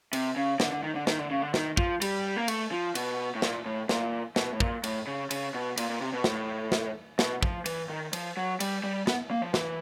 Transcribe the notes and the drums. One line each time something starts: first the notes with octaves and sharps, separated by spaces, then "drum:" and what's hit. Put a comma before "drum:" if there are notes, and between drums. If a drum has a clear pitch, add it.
C3, drum: cymbal
C#3
D3, drum: snare
D3
D#3
D3
D#3, drum: snare
D3
C#3
D3
D#3, drum: snare
F3, drum: kick
G3, drum: cymbal
A#3
A3, drum: cymbal
F3
B2, drum: cymbal
A2
A#2, drum: snare
A2
A#2, drum: snare
B2, drum: snare
A2
A#2, drum: kick
A2, drum: cymbal
C#3
C#3, drum: cymbal
B2
A#2, drum: cymbal
A#2
C3
B2
A2, drum: snare
drum: snare
B2, drum: snare
F3, drum: kick
E3, drum: cymbal
D#3
F3, drum: cymbal
F#3
G3, drum: cymbal
G3
B3, drum: snare
A#3
F3
E3, drum: snare